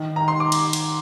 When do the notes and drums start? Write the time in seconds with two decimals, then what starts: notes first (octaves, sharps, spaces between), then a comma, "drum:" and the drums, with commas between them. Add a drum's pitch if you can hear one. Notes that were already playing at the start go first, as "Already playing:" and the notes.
Already playing: D#3
0.16 D#3 A#5
0.28 C6
0.40 D6
0.52 drum: cymbal
0.73 drum: cymbal